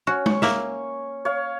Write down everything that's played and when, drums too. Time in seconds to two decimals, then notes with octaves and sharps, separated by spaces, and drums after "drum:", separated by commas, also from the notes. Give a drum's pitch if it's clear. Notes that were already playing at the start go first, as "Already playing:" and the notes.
0.07 C#4 F#4
0.26 C#6, drum: tom G#3
0.42 A#3 E5, drum: snare
1.25 C#5 F5